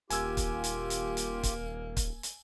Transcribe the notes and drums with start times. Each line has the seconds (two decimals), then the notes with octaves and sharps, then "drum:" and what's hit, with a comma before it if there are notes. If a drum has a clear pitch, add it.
0.10 D#1 A#3 F4 G4 G#5 E6 G#6, drum: hi-hat
0.37 drum: kick, hi-hat
0.64 drum: hi-hat
0.90 drum: hi-hat
1.17 drum: hi-hat
1.43 drum: kick, hi-hat
1.97 drum: kick, hi-hat
2.23 drum: hi-hat